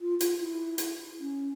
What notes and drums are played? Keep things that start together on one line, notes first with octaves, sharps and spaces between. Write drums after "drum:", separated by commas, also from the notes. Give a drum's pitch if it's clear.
F4
F4, drum: hi-hat
E4
drum: hi-hat
C#4